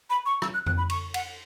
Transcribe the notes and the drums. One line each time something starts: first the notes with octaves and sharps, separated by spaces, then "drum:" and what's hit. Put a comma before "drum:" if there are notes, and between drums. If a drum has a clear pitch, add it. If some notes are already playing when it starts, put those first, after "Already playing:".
B5
C#6
E6, drum: rim click
F#6
F#6, drum: tom F2
B5
C#6, drum: cymbal
F#5, drum: cymbal